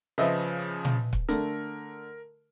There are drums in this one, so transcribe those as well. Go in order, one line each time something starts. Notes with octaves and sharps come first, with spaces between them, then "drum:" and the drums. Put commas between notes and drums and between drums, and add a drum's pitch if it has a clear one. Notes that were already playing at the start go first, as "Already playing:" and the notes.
C#3 F3 B4 D#5 E5
drum: tom
drum: kick
D3 A3 A#4, drum: hi-hat